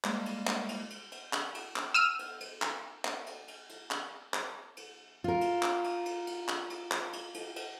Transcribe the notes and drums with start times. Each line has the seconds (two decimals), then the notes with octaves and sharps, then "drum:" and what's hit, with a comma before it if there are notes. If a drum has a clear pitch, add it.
0.04 G3 G#3 A#3, drum: clap
0.26 drum: cymbal
0.47 drum: clap
0.69 drum: cymbal
0.90 drum: cymbal
1.12 drum: cymbal
1.33 drum: clap
1.55 drum: cymbal
1.76 drum: clap
1.94 E6 F6 D#7
2.19 drum: cymbal
2.41 drum: cymbal
2.62 drum: clap
3.05 drum: clap
3.26 drum: cymbal
3.48 drum: cymbal
3.69 drum: cymbal
3.91 drum: clap
4.34 drum: clap
4.77 drum: cymbal
5.24 F4 A#4
5.41 drum: cymbal
5.63 drum: clap
5.84 drum: cymbal
6.06 drum: cymbal
6.27 drum: cymbal
6.49 drum: clap
6.70 drum: cymbal
6.91 drum: clap
7.13 drum: cymbal
7.34 drum: cymbal
7.56 drum: cymbal